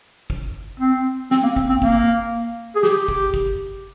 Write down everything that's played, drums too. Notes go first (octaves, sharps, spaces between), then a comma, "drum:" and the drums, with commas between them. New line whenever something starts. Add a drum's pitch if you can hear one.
drum: kick
C4
C4, drum: snare
A#3
C4, drum: kick
C4
A#3, drum: kick
G#4
G4, drum: snare
drum: kick
drum: kick